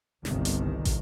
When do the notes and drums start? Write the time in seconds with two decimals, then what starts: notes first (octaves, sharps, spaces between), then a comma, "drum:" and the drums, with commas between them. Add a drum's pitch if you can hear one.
0.25 G1 C2 G2 C3 D#3, drum: snare
0.45 drum: hi-hat
0.85 drum: kick, hi-hat